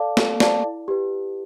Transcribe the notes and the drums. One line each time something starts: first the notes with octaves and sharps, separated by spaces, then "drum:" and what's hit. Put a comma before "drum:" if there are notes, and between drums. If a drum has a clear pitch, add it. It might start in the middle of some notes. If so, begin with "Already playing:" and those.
Already playing: A4 D5 F5 A5 D6
A4, drum: snare
D5 F5 A5 D6, drum: snare
E4
G4 B4